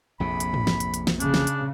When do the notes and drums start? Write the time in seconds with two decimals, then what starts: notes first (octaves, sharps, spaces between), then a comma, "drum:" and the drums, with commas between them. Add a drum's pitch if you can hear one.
0.20 A#1 F2 C3 B5
0.40 drum: hi-hat
0.54 drum: tom G#2
0.67 drum: snare
0.80 drum: hi-hat
0.94 drum: hi-hat
1.07 drum: snare
1.20 C#3 D4, drum: hi-hat
1.34 drum: snare
1.47 drum: hi-hat